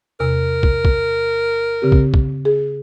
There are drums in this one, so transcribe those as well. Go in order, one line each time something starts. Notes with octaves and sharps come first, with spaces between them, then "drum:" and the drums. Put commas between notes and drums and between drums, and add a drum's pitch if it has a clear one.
E2 C3 A#4
drum: kick
drum: kick
C#3 C4 G4
drum: kick
drum: kick
G#4